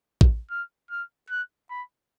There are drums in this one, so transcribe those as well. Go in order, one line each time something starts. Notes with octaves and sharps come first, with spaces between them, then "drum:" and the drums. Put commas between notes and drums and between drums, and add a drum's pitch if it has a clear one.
drum: kick
F6
F6
F#6
B5